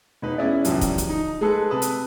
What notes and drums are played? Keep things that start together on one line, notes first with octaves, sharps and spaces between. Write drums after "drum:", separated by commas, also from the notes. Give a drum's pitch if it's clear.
E1 D#4 B4
B3 C#4 E4 G#4 D5
C#2 F#2 E3 F3 G3, drum: hi-hat
drum: kick, hi-hat
drum: hi-hat
D#4
G#3 G#4 A4 B4
C3 B4 A5 D#6
drum: hi-hat